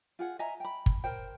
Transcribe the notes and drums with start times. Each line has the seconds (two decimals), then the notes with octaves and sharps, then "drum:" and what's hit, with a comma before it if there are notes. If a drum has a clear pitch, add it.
0.19 F4 G#4 F#5
0.39 D#5 E5 G#5 A#5
0.60 G5 B5
0.86 drum: kick
1.04 A#4 C5 G5